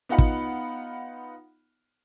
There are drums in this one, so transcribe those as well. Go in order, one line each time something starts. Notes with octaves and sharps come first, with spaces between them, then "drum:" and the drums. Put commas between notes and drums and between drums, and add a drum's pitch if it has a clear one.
B3 D#4 F4 F#5 B5
drum: kick